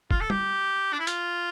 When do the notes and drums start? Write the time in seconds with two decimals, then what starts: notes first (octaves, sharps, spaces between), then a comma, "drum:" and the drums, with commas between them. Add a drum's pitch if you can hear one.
0.11 F4, drum: kick
0.21 A4
0.30 G4, drum: tom G3
0.93 D4
0.99 E4
1.07 F4, drum: hi-hat